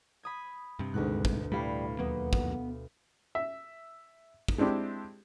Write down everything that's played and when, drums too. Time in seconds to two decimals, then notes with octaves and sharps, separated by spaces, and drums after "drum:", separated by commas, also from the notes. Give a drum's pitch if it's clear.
0.23 B5 D#6 G#6
0.79 G2 C3
0.94 D2 G#2 B2 F#6
1.25 drum: kick
1.52 A2 G3 F5 B5
1.99 D#2 F#3 A#3 B3
2.33 drum: kick
3.35 E5
4.48 drum: kick
4.58 G#3 C4 D4 E4 G4